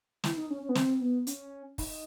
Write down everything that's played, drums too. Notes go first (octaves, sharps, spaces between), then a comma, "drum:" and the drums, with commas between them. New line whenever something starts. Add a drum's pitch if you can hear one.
E4, drum: snare
D#4
C#4
C#4
B3
C4, drum: snare
B3
C#4, drum: hi-hat
D#4, drum: kick, open hi-hat